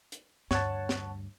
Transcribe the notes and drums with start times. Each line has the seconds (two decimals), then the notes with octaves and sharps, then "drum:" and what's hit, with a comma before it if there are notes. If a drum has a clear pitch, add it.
0.12 drum: hi-hat
0.51 D2 G2 C#5 F#5 A5, drum: snare
0.89 drum: snare